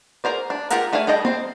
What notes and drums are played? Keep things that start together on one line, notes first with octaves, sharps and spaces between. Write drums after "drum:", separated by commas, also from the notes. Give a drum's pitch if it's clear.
G#4 A#4 C5 D5
D4
F4 G4 G#4 A#4 F#5, drum: hi-hat
A3 G#4 D5 F5 G#5
G3 G#4 A4 D#5 G5
C4 C5, drum: tom A#3